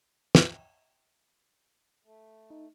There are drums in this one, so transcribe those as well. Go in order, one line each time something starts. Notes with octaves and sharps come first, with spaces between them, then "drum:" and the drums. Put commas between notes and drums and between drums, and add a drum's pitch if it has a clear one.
drum: snare
A3
D#4